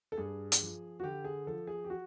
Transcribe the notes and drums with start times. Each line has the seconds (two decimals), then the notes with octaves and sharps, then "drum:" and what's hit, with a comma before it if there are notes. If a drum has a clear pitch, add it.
0.12 A4
0.17 G2 G#4
0.52 drum: hi-hat
0.61 F3
1.00 F#4
1.04 D3 G4
1.24 G#4
1.47 F3 A4
1.67 G#4
1.84 G4
1.90 F#4